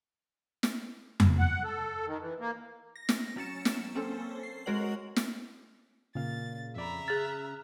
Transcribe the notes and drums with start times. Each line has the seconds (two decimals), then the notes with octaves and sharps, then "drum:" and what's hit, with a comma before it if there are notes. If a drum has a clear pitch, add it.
0.63 drum: snare
1.20 drum: tom F2
1.39 F#5
1.64 A4
2.06 D#3
2.21 E3
2.40 A#3
2.96 A#6
3.09 drum: snare
3.36 F#3 C#4 A6 C#7 E7
3.65 drum: snare
3.95 A#3 C4 C#4 A4 C5
4.43 C7
4.66 G#3 F#4 A#4 C#5 F#5 F#7
5.16 drum: snare
6.15 A#2 C#3 F5 A6
6.76 F2 D5 E5 A#5 B5
7.08 G#4 F6 F#6 A6